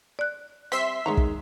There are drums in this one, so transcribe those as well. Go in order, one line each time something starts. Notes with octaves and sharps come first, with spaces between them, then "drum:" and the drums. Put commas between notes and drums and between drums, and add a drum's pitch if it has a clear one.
D5 F#6
G3 C4 C5 E5 C6 B6
D#3 G#3 B3 C#5 A#5
drum: kick